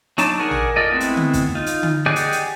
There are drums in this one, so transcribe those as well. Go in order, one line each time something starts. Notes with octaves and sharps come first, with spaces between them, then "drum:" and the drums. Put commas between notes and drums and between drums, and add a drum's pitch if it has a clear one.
F#3 D4 D#4 A5, drum: hi-hat
G#4 A#4 D5 F#5 G#5
drum: tom A1
F4 A4 D5 D#5
G#3 A3 B3 C4 E4
drum: hi-hat
drum: tom D3
drum: kick, hi-hat
D#4 F4
drum: hi-hat
drum: tom D3
G4 G#4 D5 D#5 F#5
drum: hi-hat
drum: hi-hat